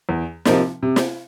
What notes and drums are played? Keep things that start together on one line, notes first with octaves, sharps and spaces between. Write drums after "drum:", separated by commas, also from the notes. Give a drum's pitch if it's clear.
E2
C3 F3 A#3 D#4, drum: snare
C3
drum: snare